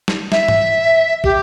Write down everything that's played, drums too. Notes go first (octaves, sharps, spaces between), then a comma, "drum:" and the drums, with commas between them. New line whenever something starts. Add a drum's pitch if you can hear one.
drum: snare
E5, drum: snare
drum: tom G#2
G4, drum: kick